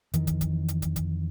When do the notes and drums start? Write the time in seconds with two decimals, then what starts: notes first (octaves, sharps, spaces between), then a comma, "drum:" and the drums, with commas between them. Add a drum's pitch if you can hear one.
0.13 F2 D#3 E3, drum: hi-hat
0.27 drum: kick, hi-hat
0.41 drum: kick, hi-hat
0.68 drum: hi-hat
0.82 drum: kick, hi-hat
0.96 drum: kick, hi-hat